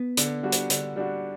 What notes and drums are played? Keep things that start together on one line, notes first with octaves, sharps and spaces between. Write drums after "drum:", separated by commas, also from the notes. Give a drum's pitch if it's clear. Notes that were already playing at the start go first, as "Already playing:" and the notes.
Already playing: B3
D3, drum: hi-hat
G3 D4 F#4
drum: hi-hat
D3, drum: hi-hat
G3 D4 F#4